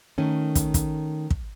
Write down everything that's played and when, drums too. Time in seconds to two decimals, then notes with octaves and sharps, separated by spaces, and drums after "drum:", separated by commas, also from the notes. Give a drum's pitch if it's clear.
0.18 D#3 A3 C#4
0.55 drum: kick, hi-hat
0.74 drum: kick, hi-hat
1.30 drum: kick